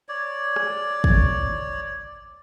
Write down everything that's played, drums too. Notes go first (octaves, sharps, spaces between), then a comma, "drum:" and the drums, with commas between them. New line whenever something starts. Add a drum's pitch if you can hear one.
C#5 D5
drum: rim click
drum: kick